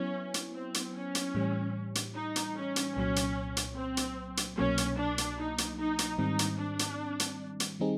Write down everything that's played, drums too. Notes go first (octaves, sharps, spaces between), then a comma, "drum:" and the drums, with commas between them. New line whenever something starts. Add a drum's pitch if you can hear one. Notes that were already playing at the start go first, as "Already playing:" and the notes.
Already playing: F#3 B3 C#4 E4
drum: hi-hat
C4
drum: hi-hat
C#4
drum: hi-hat
A2 E3 G3
drum: hi-hat
D#4
drum: hi-hat
C#4
drum: hi-hat
C2 A#2 F#3 C#4
drum: hi-hat
drum: hi-hat
C4
drum: hi-hat
drum: hi-hat
C2 B2 F#3 A#3 C#4
drum: hi-hat
D4
drum: hi-hat
D#4
drum: hi-hat
D#4
drum: hi-hat
G#2 D#3 G3 C4 D#4
drum: hi-hat
D4
drum: hi-hat
drum: hi-hat
drum: hi-hat
D#3 G3 C4 D#4 G#4